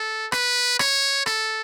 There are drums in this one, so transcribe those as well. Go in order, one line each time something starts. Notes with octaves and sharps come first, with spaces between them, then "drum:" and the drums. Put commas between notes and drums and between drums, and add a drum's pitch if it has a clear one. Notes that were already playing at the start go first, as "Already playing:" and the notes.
Already playing: A4
B4, drum: rim click
C#5, drum: rim click
A4, drum: rim click